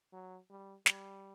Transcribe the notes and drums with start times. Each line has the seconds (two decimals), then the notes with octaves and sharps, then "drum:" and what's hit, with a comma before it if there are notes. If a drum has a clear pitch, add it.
0.13 F#3
0.50 G3
0.86 G3, drum: snare